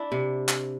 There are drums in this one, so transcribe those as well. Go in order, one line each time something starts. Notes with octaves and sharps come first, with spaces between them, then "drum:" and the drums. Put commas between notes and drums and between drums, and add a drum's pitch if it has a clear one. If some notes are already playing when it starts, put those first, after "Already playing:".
Already playing: D4 E4
C3
drum: clap